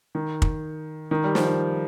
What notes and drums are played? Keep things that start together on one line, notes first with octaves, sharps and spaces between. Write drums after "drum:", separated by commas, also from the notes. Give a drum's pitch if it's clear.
D#3
drum: kick
D#3
G3
F3, drum: snare